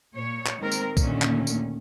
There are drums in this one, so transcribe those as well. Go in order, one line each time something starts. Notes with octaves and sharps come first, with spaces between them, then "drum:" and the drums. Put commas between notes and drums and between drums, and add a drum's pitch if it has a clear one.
A#2 C#5
drum: clap
D#3 G#3 C4 A#4
drum: tambourine
D#2 A#2 D3 D#3 A3 C#4, drum: kick B1, tambourine
drum: clap
drum: tambourine